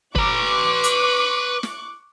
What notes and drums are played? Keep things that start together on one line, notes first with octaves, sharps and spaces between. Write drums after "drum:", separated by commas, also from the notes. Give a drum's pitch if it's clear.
B4 A#5 C#6 D6 F#6, drum: kick
drum: hi-hat
drum: snare